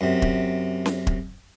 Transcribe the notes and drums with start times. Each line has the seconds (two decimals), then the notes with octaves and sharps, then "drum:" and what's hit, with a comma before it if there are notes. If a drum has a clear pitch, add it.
0.01 F#2 C3
0.22 drum: kick
0.86 drum: snare C#4
1.07 drum: kick